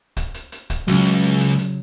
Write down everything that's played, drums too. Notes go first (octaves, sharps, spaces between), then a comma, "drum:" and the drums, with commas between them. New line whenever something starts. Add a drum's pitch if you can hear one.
drum: kick, hi-hat
drum: hi-hat
drum: hi-hat
drum: kick, hi-hat
C#2 C#3 F#3, drum: hi-hat
drum: hi-hat
drum: hi-hat
drum: hi-hat
drum: hi-hat